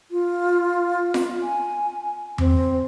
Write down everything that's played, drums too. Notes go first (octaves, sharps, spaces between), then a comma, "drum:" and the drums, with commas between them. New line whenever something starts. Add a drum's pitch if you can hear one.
F4
drum: snare F4
G#5
C4, drum: tom E2